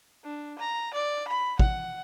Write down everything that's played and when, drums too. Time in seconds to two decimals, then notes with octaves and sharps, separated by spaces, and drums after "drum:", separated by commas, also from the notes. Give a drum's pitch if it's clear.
0.24 D4
0.58 A#5
0.94 D5
1.28 B5
1.59 F#5, drum: kick